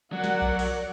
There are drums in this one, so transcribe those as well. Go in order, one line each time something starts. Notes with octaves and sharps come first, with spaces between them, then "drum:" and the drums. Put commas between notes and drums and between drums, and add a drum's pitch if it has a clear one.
F#3 A#4 D5 F#5
drum: snare
drum: kick B1
drum: open hi-hat